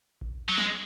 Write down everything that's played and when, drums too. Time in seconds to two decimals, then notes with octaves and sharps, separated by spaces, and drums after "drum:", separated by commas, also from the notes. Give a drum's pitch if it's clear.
0.21 drum: kick A1
0.49 F#3
0.58 G#3, drum: snare